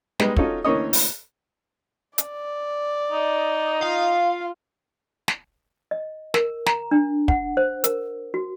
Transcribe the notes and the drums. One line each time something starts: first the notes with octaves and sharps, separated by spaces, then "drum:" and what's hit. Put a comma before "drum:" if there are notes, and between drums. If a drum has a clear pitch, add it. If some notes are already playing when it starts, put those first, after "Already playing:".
G3 G#3 B3 D#4, drum: snare
C#4 D#4 F4 F#4 A4 C#5, drum: kick
D2 E3 A#3 C#4 C#5 D#5
drum: open hi-hat
D5, drum: hi-hat
D#4
F4 F5
drum: snare
D#5
A#4, drum: snare
A#5, drum: snare
D4
F#5, drum: kick
C5
A#4, drum: hi-hat
F#4